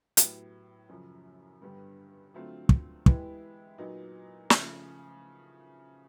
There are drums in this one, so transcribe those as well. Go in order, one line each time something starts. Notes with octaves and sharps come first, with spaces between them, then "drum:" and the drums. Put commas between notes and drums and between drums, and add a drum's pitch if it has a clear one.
A2 F#3 B3 E4 G4, drum: hi-hat
F#2 C#3 F3
G2 D3 G3 B3
D3 F#3 A3 C4 F4
drum: kick
E3 G#3 B3 E4 G4, drum: kick
A#2 F#3 B3 D#4
C#3 F3 A3, drum: snare